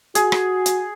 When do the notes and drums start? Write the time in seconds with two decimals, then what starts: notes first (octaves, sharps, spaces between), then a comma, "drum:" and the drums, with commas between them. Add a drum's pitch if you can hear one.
0.15 F#4 G#4, drum: hi-hat
0.32 drum: rim click
0.66 drum: hi-hat